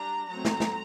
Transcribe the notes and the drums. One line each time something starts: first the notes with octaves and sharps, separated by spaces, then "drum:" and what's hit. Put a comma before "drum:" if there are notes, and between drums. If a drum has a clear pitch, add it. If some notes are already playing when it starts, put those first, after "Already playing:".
Already playing: G3 D4 A#5
F#3 A3 C4 A#5
drum: snare
drum: snare